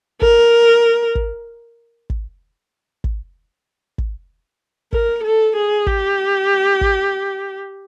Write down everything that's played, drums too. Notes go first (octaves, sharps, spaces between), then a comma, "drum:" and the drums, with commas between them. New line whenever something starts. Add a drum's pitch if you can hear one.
A#4, drum: kick
drum: kick
drum: kick
drum: kick
drum: kick
A#4, drum: kick
A4
G#4
G4, drum: kick
drum: kick